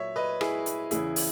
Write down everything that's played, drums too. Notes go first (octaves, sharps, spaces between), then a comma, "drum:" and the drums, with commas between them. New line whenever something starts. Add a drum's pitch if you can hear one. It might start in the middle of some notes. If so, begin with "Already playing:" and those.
Already playing: A#2 F#3 C#5 E5
B4 D#5
E4 G#4, drum: rim click
drum: hi-hat
E2 C#3 E3 E4 G#4, drum: hi-hat
drum: open hi-hat